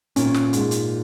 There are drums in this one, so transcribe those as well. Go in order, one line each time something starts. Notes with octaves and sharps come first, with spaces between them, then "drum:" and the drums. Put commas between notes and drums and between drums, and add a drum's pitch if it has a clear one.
A#2 C#4, drum: hi-hat
drum: snare
G#2, drum: hi-hat
drum: hi-hat